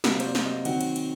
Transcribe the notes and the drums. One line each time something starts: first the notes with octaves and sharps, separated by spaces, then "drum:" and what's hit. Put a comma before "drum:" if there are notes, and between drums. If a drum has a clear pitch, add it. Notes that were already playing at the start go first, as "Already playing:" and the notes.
C3 F#3 A#3 A#4, drum: snare
C5, drum: cymbal
D5
drum: snare
D#5
D#3 F#3 C4 F#5, drum: cymbal
drum: cymbal
drum: cymbal